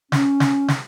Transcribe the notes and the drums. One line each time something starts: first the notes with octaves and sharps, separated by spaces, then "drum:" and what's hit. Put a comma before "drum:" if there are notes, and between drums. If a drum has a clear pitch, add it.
C#4, drum: snare
drum: snare
drum: snare